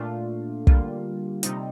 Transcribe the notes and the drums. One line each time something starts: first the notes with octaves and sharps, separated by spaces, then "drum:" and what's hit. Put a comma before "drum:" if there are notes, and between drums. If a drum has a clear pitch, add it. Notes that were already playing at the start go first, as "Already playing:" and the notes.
Already playing: A#2 A3 D4 F4
D3 G3 A#3 F4, drum: kick
C3 G3 C4 D#4, drum: hi-hat